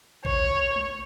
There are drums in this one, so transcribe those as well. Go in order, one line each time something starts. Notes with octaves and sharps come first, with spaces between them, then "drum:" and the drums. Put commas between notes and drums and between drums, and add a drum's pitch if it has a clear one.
C#5, drum: kick A#1
drum: tom G#3